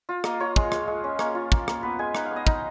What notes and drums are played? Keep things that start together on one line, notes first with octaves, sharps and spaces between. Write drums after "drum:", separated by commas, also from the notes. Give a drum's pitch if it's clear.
F4
A#3 D#5, drum: rim click
F4 C#5
G#3, drum: kick
G#3, drum: rim click
G#3
C#4
A#3 C#5, drum: rim click
F4
A#3, drum: kick
A#3, drum: rim click
B3 B4
G#3 G#5
D#4 F#5, drum: rim click
F5
B3
D#5
D#4, drum: kick